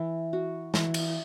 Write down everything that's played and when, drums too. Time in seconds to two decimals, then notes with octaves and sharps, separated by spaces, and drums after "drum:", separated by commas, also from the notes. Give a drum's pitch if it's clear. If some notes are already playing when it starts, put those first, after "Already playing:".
Already playing: E3
0.33 F#4
0.74 E3, drum: snare
0.94 drum: cymbal